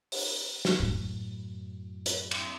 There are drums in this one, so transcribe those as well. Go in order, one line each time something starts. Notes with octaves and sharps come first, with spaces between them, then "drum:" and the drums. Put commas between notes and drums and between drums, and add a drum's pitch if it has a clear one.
drum: open hi-hat
drum: snare
F#2 A2
drum: hi-hat
drum: cymbal